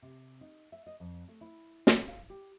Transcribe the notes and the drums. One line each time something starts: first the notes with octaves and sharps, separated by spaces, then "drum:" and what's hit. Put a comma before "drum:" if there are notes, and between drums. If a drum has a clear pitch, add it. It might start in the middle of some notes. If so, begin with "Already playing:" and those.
C3
D#4
E5
D#5
F2
A3
E4
drum: snare
F5
G4